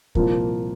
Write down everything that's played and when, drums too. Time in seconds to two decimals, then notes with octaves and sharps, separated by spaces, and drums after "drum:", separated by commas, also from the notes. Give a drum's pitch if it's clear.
0.15 C2 A#2 F3 A#3, drum: kick